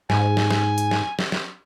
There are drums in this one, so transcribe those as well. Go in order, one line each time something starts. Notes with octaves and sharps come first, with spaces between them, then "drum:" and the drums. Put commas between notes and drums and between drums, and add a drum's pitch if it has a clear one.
G#2 G#5, drum: snare
drum: snare
drum: snare
drum: hi-hat
drum: snare
drum: snare
drum: snare